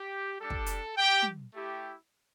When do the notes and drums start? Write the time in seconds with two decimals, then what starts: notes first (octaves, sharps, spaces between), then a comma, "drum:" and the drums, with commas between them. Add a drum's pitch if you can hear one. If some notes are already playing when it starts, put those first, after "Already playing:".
Already playing: G4
0.40 G3 D4 G4 A4
0.50 drum: kick
0.66 drum: hi-hat
0.97 G4 G5
1.22 drum: tom
1.53 A3 E4 G4